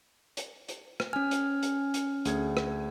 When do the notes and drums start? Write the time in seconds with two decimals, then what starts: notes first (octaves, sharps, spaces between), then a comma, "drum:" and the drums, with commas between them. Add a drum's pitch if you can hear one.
0.37 drum: hi-hat
0.68 drum: hi-hat
1.00 drum: rim click
1.13 C#4 G#5 F6
1.31 drum: hi-hat
1.63 drum: hi-hat
1.94 drum: hi-hat
2.25 D2 G#4 G#6, drum: hi-hat
2.57 drum: rim click